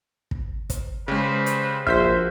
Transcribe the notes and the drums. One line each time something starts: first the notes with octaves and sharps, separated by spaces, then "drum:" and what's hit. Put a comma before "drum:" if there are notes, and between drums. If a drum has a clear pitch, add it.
drum: kick
drum: kick, hi-hat
C#3 G3 G#3 B4 C5
drum: hi-hat
A#1 F3 F#4 C5 E5 F6 G6 B6, drum: kick